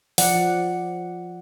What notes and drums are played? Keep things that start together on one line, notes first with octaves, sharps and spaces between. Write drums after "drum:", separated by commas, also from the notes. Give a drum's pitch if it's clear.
F3 D5 F#5, drum: open hi-hat